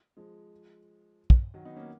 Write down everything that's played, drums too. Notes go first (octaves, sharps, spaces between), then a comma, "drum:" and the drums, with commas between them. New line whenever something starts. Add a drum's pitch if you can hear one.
F3 G#3
drum: kick
D#3 F#3
B3 D#4
A#3 C#4